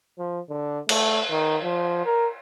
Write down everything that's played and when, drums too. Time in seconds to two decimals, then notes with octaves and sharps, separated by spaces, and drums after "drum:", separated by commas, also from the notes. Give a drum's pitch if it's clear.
0.19 F3
0.50 D3
0.89 A3, drum: cymbal
1.30 D#3
1.63 F3
2.06 A#4